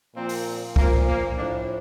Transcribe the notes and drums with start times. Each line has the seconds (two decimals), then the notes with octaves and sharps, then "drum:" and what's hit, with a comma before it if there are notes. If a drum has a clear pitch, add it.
0.16 A#2 F3 C4
0.29 drum: open hi-hat
0.76 A#2 A#3, drum: kick C2
0.82 F3
1.07 A#3
1.37 A2 F3 D4